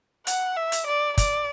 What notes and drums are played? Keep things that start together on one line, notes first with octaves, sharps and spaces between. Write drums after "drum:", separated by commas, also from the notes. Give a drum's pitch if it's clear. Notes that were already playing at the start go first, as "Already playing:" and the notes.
F#5, drum: hi-hat
E5
drum: hi-hat
D5
D5, drum: kick, hi-hat